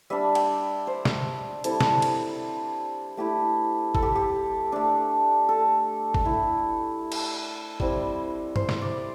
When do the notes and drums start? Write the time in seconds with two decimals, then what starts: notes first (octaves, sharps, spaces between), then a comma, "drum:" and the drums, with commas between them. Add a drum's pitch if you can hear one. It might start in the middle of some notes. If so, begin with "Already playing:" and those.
0.10 G3 D4 E5
0.35 G5, drum: cymbal
0.87 C5
1.05 drum: snare
1.64 G3 C4 E4 A4, drum: hi-hat
1.81 drum: snare
2.02 drum: cymbal
3.17 A3 E4 G4
3.95 A4, drum: kick G1
4.02 G4
4.15 G4
4.72 A3 D4
5.49 A4
6.14 drum: kick G1
6.25 A3 E4
7.12 drum: cymbal
7.80 G3 C4 E4, drum: kick G1
8.56 C5, drum: tom G2
8.69 drum: snare
8.82 D5